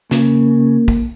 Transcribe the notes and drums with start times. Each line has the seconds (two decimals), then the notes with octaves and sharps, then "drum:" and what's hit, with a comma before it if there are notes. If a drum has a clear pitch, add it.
0.11 C#3 A#3, drum: snare
0.88 drum: kick, tambourine